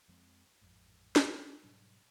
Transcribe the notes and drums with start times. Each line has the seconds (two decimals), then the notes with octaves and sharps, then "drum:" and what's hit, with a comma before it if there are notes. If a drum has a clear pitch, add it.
0.08 F2 F3 G#3 C4
0.61 A1 F2 G#2
1.16 drum: snare
1.63 G#2 B2 F#3 G3